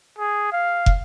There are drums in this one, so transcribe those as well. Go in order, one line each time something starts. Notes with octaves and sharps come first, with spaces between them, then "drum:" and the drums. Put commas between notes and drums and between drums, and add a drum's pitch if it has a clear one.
G#4
F5
drum: kick